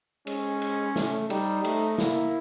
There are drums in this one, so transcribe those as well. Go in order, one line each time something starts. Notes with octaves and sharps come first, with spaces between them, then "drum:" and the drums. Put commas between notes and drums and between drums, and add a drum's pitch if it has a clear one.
G#3 C#4, drum: cymbal
drum: cymbal
A3, drum: snare
G3 D#4, drum: cymbal
A3, drum: cymbal
A#3 E4, drum: snare